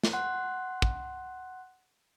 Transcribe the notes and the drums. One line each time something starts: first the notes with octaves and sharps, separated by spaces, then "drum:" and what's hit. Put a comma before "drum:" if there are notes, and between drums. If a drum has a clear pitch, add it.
drum: snare
F#5 C6 F#6
drum: kick